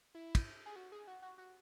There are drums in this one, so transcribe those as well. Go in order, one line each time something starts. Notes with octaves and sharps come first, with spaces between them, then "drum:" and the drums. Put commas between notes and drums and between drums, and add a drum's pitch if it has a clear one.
E4
drum: kick, cymbal
G#4
F#4
G#4
F#4
F#4
F#4